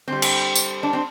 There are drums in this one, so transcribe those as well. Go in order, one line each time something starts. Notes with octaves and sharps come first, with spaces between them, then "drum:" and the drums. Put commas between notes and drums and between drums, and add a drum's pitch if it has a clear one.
D3 G3 C4
drum: cymbal
drum: tambourine
D4
C4